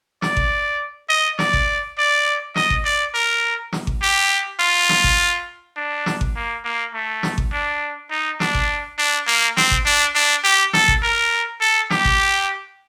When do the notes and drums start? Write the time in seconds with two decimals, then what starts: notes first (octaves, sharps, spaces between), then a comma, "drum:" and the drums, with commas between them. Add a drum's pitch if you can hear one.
0.22 D5, drum: snare
0.37 drum: kick G#1
1.09 D#5
1.39 D5, drum: snare
1.53 drum: kick G#1
1.98 D5
2.56 D#5, drum: snare
2.70 drum: kick G#1
2.85 D5
3.14 A#4
3.73 drum: snare
3.87 drum: kick G#1
4.02 G4
4.60 F4
4.89 drum: snare
5.04 drum: kick G#1
5.76 D4
6.06 drum: snare
6.21 drum: kick G#1
6.36 A#3
6.64 A#3
6.94 A3
7.23 drum: snare
7.38 drum: kick G#1
7.53 D4
8.10 D#4
8.40 D4, drum: snare
8.55 drum: kick G#1
8.98 D4
9.27 A#3
9.57 C4, drum: snare
9.71 drum: kick G#1
9.86 D4
10.15 D4
10.44 G4
10.73 A4, drum: snare
10.88 drum: kick G#1
11.03 A#4
11.61 A4
11.90 G4, drum: snare
12.05 drum: kick G#1